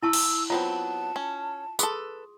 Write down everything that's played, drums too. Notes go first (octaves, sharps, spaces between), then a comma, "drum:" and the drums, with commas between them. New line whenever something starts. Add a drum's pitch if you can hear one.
E4 A5 C#6 E6
drum: cymbal
F#3 B3 C4 F4 A5
C#4
G#4 A4 B4 C6 D#6, drum: tambourine